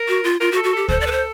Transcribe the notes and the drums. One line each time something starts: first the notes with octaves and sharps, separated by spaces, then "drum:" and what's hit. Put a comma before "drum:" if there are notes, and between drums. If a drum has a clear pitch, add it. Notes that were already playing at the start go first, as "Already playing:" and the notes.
Already playing: A#4
F#4
F4
F4 A#4
F#4
A4
F#4
G4 A4
A4 C5, drum: kick
D5
B4
C5